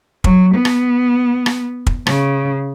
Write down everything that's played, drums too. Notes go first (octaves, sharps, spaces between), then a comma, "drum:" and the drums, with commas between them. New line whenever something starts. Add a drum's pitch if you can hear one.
F#3, drum: kick
B3
drum: rim click
drum: rim click
drum: kick
C#3, drum: rim click